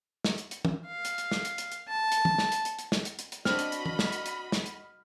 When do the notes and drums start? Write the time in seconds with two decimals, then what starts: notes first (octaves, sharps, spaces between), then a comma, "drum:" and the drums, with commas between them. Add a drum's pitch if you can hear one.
0.24 drum: snare
0.38 drum: hi-hat
0.51 drum: hi-hat
0.65 drum: tom
0.87 F5
1.05 drum: hi-hat
1.18 drum: hi-hat
1.31 drum: snare
1.45 drum: hi-hat
1.58 drum: hi-hat
1.72 drum: hi-hat
1.88 A5
2.12 drum: hi-hat
2.25 drum: tom
2.38 drum: snare
2.52 drum: hi-hat
2.65 drum: hi-hat
2.79 drum: hi-hat
2.92 drum: snare
3.05 drum: hi-hat
3.19 drum: hi-hat
3.32 drum: hi-hat
3.45 C4 D4 F#4 D#5 B5 F6, drum: snare
3.59 drum: hi-hat
3.72 drum: hi-hat
3.86 drum: tom
3.99 drum: snare
4.12 drum: hi-hat
4.26 drum: hi-hat
4.52 drum: snare
4.66 drum: hi-hat